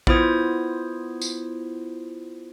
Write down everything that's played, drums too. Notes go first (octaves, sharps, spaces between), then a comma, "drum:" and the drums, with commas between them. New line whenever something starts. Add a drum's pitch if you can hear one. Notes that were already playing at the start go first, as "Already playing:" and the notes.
B3 E4 F4 C5 D#6 G#6, drum: kick A#1
drum: tambourine